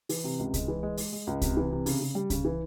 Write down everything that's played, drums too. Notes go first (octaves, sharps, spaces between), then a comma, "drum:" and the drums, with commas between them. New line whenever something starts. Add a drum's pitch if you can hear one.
E3, drum: open hi-hat
C3
C#2
G#3, drum: kick C2, hi-hat
E3
G#3
G#3, drum: open hi-hat
G#3
C#2
C3, drum: kick C2, hi-hat
E3
C3
C#3, drum: open hi-hat
C#3
G3
C#3, drum: kick C2, hi-hat
E3